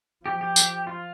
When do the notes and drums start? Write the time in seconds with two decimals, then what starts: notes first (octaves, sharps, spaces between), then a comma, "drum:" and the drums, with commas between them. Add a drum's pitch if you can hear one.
0.25 F3 G4
0.41 G4
0.56 drum: tambourine
0.87 F4